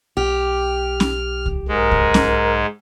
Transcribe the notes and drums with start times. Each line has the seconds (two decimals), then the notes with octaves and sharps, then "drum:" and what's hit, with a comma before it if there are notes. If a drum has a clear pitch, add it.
0.17 B1 G4 F6
1.00 drum: snare C#4
1.46 drum: kick C#2
1.68 G#2 G#3 A#4
1.91 drum: kick C#2
2.14 drum: snare C#4